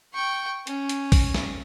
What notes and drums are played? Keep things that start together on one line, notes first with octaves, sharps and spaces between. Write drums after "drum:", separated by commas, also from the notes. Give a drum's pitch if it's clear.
G5 C#6
C#4, drum: hi-hat
drum: hi-hat
drum: kick A#1, open hi-hat
drum: snare